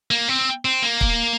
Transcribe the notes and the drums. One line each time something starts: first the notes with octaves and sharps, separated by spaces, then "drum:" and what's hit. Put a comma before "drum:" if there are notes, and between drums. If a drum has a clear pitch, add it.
A#3
C4
C4
A#3
drum: kick